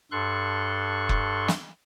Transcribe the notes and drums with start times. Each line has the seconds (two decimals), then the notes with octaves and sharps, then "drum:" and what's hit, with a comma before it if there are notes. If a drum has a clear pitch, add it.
0.11 G2 A4 C6 C#6 F#6
1.09 drum: kick F1
1.48 drum: snare